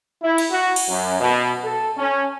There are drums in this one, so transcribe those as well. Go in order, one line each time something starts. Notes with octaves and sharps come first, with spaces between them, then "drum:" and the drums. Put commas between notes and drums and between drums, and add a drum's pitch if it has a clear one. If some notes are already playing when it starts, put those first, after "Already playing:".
E4
drum: cymbal
F#4
drum: cymbal
F#2
B2
A4
C#4